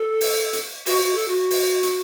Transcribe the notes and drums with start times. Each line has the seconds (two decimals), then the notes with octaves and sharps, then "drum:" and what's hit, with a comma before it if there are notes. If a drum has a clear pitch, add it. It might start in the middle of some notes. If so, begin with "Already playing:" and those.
Already playing: A4
0.21 drum: open hi-hat
0.53 drum: hi-hat
0.86 F#4, drum: open hi-hat
1.02 F#4
1.15 A4
1.28 F#4
1.50 drum: open hi-hat
1.83 drum: hi-hat